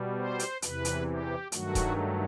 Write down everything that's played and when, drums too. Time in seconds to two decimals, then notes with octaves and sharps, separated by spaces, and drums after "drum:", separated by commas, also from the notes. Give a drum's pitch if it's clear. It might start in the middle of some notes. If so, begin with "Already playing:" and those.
Already playing: B2 G3
0.17 C5
0.39 drum: hi-hat
0.62 E2 C3 E3 B4, drum: hi-hat
0.85 drum: hi-hat
1.07 G4
1.52 G2 D#3 F#3 A3 F#4, drum: hi-hat
1.75 drum: kick D#1, hi-hat